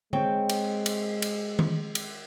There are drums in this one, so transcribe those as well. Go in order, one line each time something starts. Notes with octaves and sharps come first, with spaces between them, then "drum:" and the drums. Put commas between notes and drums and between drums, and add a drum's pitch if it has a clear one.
G#3 C4 C#5 G5, drum: tom D3
drum: cymbal
drum: cymbal
drum: cymbal
drum: tom D#3
drum: cymbal